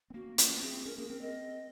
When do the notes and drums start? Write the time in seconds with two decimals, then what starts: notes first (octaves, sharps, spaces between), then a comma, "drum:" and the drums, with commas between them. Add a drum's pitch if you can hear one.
0.10 C4
0.14 A#3 F#4
0.38 C#4 F4, drum: hi-hat
0.57 A#3
0.62 C4 G#4
0.86 C#4 A#4
0.97 A#3 G#4
1.09 C4 A#4
1.21 D#5